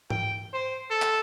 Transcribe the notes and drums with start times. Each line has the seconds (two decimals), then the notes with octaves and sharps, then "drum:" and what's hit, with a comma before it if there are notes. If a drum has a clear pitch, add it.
0.10 G5, drum: tom G#2
0.53 C5
0.90 A4
1.02 drum: clap